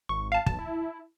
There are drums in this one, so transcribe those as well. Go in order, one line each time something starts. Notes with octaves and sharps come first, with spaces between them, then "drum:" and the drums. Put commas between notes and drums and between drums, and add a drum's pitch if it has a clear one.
G#1 C#6
F5 A5
B1 A5, drum: kick
E4